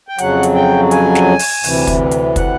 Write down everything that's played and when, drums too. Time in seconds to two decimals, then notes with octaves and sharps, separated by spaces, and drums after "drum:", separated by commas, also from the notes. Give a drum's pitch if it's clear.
0.08 G5
0.18 F2 C#3 F#3 F#5, drum: hi-hat
0.43 drum: hi-hat
0.55 G5
0.91 G#5, drum: hi-hat
1.15 drum: snare
1.39 drum: open hi-hat
1.64 D2 C3 E3, drum: open hi-hat
1.87 drum: kick, hi-hat
2.11 drum: hi-hat
2.36 F#5, drum: kick, hi-hat